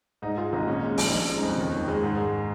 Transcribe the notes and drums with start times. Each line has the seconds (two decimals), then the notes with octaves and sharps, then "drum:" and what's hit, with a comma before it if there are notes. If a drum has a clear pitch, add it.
0.22 G#2 D#4
0.37 G#3 F4
0.53 G#1 D#4
0.68 A#2 C#4
0.83 G#3
0.98 A#1, drum: open hi-hat
1.07 D#4
1.13 F3 C#4
1.28 G#3
1.36 D#4
1.43 F2
1.58 D#2
1.73 D#3
1.88 G#3
2.03 G#2
2.18 G#3